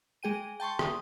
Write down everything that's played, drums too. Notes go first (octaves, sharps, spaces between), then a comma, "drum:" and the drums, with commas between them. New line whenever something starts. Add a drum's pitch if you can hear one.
G#3 G#4 G5 D#7
G5 A5 C6 C#6
G5 D#6, drum: rim click